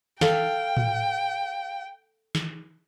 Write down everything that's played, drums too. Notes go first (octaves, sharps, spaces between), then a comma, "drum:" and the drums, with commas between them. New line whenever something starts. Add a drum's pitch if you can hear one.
A4 F5 G5, drum: snare
drum: tom A2
drum: snare